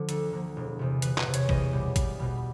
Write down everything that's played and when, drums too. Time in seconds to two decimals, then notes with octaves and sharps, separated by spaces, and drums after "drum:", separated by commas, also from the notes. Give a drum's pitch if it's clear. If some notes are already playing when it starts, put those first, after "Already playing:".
Already playing: D3 F3
0.09 D2 A4, drum: hi-hat
0.32 D3 F3 A#3
0.56 E1
0.79 E2 C3
1.02 E1 B4, drum: hi-hat
1.18 B4, drum: clap
1.26 E2 C3
1.34 C#5, drum: hi-hat
1.49 E2 D#5, drum: kick
1.73 B2 G3
1.96 E2, drum: kick, hi-hat
2.19 B2 G3